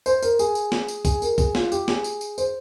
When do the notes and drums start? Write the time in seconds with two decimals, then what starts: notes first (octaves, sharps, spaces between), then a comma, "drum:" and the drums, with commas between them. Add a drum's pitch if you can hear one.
0.06 C5, drum: tambourine
0.22 A#4, drum: tambourine
0.39 G#4, drum: tambourine
0.55 drum: tambourine
0.72 drum: snare
0.88 drum: tambourine
1.05 G#4, drum: kick, tambourine
1.22 A#4, drum: tambourine
1.38 G#4, drum: kick, tambourine
1.55 F4, drum: snare
1.72 G4, drum: tambourine
1.88 G#4, drum: snare
2.04 drum: tambourine
2.21 drum: tambourine
2.38 C5, drum: tambourine